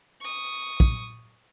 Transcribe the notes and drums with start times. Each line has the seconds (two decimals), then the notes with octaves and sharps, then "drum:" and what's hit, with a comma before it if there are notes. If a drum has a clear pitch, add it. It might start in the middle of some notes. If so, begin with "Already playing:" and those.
0.20 C#6 D#6
0.80 drum: kick